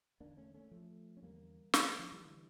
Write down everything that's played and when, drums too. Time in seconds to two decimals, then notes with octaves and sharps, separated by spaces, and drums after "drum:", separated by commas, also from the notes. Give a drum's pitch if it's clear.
0.20 E2 D3 A#3 D4
0.37 A3 C#4
0.54 A3 C#4
0.71 F3 A3
1.17 C#4
1.22 E2 D3 G3 A#3
1.74 A3 C#4, drum: snare
1.99 F3 A3
2.12 E3 G3
2.25 D3 E3 G3